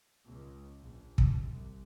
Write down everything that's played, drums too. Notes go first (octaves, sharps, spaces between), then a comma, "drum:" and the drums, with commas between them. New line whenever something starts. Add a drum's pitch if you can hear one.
C#2
A#1
drum: kick
C2